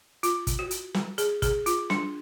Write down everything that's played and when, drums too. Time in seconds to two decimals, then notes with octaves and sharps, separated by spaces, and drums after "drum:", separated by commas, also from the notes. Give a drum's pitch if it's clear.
0.23 F4, drum: hi-hat
0.47 drum: kick, hi-hat
0.59 F#4
0.71 drum: hi-hat
0.94 drum: snare
1.18 G#4, drum: hi-hat
1.42 G#4, drum: kick, hi-hat
1.66 F4, drum: hi-hat
1.90 D4, drum: snare